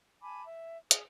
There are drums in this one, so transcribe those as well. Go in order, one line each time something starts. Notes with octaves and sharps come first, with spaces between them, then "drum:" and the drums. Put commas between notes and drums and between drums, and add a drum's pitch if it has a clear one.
G#5 A5 B5 D6
E5
G#4 D#6, drum: hi-hat